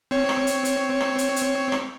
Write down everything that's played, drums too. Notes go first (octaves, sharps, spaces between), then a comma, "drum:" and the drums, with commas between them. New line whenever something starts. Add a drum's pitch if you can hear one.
C4 C#5
drum: rim click
drum: hi-hat
drum: hi-hat
drum: rim click
drum: hi-hat
drum: hi-hat
drum: rim click